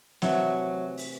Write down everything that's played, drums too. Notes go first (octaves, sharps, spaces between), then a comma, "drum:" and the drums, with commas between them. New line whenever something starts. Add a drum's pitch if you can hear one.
C3 E3 F#3 A3, drum: snare
drum: open hi-hat